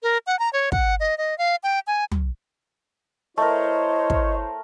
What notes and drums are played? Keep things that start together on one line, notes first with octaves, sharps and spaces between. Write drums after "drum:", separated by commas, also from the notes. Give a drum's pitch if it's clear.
A#4
F#5
A#5
C#5
F#5, drum: kick
D#5
D#5
F5
G5
G#5
drum: tom
A3 E4 A#4 C5 C#5 D#5
drum: kick